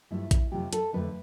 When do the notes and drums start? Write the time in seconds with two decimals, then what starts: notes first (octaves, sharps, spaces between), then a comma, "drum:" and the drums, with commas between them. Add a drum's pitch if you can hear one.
0.10 G2 F3 A3 E4
0.31 drum: kick A#1, hi-hat
0.52 F2 C3 F3 A3 G4
0.73 A4, drum: hi-hat
0.93 F2 D3 A3 B4